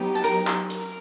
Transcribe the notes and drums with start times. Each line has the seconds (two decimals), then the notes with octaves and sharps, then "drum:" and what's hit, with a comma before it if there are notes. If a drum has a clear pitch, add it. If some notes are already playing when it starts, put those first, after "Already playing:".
Already playing: F#3 B3 D#4 G4
0.15 A5
0.24 A#4 A#5, drum: hi-hat
0.47 drum: clap
0.70 A#4, drum: hi-hat